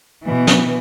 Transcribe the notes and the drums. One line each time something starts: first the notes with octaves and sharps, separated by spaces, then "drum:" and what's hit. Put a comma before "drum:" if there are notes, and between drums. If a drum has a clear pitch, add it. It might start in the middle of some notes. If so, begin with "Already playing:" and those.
B2 E3
drum: snare